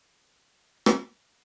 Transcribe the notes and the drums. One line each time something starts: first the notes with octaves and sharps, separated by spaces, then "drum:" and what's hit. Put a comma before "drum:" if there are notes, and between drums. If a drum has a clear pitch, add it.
G5
drum: rim click